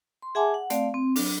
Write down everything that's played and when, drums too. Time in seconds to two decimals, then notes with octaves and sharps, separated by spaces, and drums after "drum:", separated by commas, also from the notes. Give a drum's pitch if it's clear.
0.22 C6
0.35 G#4 E5 F#5 G#5 A5 D6
0.54 F#5
0.70 A3 C4 D5 F5, drum: hi-hat
0.94 C4
1.16 F#3 D4, drum: open hi-hat